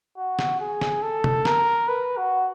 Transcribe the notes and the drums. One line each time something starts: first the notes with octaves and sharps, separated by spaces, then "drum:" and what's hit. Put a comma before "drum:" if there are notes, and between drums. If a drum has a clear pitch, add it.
F#4
drum: snare
G#4
drum: snare
A4
drum: tom C3
A#4, drum: snare
B4
F#4